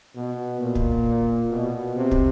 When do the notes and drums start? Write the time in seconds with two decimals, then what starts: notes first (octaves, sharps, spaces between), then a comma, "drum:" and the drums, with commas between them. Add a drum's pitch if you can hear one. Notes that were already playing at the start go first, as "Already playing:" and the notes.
0.16 B2
0.60 A#2
0.75 drum: kick
1.51 B2
1.96 C3
2.11 drum: kick